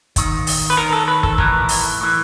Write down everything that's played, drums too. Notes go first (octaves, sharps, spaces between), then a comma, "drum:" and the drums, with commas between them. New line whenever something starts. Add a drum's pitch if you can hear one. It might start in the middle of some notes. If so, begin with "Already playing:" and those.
D#2 D#3, drum: kick, hi-hat
drum: open hi-hat
B4
D#2 D#3 A#4
A4
B4
A4, drum: kick
B1 A2 E3 A#4, drum: kick
drum: open hi-hat
A2 E3